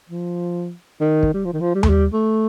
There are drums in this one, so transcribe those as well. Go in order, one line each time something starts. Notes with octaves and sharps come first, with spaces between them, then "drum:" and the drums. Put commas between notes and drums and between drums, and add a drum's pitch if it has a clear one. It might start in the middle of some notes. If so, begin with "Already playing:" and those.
F3
D#3
drum: kick
G3
F3
D#3
F3
G3
A3, drum: tom D#2
G3
A3